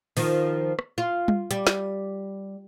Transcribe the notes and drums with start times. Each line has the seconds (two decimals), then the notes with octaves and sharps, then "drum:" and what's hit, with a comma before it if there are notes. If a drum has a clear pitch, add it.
0.17 D#3 F3, drum: open hi-hat
0.79 drum: rim click
0.98 F4
1.28 drum: tom G3
1.51 G3, drum: hi-hat
1.67 drum: snare